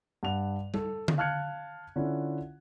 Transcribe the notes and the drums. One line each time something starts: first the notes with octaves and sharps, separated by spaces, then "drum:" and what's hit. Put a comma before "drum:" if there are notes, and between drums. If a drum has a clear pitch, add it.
G2 F#5 F7
A4, drum: tom G3
drum: tom D3
F5 A5 F6 F#6 G#6 C#7
D3 C#4 E4 F4